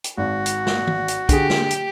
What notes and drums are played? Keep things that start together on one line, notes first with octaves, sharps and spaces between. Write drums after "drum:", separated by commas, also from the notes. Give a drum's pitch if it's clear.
drum: hi-hat
G#1 F#4
drum: hi-hat
drum: snare
drum: tom D#3
drum: hi-hat
D3 G4 G#4, drum: kick, hi-hat
drum: snare
drum: hi-hat